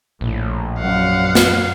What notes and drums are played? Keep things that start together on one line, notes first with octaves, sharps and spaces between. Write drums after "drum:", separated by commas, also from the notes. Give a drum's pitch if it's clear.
A#1 A2
F#2 F5 F#5
drum: snare